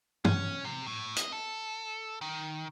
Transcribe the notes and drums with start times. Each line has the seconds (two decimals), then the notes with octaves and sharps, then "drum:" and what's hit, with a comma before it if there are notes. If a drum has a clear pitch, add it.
0.25 C#4, drum: tom
0.65 C3
0.86 A2
1.16 D#5, drum: hi-hat
1.32 A4
2.21 D#3